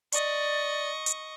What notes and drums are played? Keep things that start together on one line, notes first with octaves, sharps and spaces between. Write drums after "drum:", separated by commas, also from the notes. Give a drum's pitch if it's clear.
D5 D#5 C#6, drum: hi-hat
drum: hi-hat